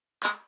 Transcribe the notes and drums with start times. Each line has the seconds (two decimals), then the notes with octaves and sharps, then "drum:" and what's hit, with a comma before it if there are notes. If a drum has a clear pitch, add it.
0.23 G#3, drum: clap